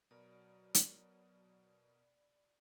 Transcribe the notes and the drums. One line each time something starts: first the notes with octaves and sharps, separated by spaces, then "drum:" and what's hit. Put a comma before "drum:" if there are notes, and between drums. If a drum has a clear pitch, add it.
B2 F#3 A#4 D5 B5
drum: hi-hat